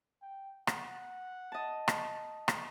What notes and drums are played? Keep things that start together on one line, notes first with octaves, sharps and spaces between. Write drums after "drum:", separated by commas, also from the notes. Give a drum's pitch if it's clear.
G5
F#5, drum: rim click
D#5 A5
drum: rim click
drum: rim click